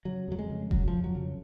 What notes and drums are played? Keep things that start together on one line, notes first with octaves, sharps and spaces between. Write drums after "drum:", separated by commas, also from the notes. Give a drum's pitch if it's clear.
C#3 F#3
F2 F#3
G#3
C#3
C#3 F#3, drum: kick F1
F3
F2
F#3
C#3